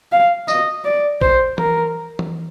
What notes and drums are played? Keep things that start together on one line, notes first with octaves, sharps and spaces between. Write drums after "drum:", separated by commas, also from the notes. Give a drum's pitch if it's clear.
F5
D#5, drum: tambourine
D5
C5, drum: kick A#1
A#4, drum: tom E3
drum: tom E3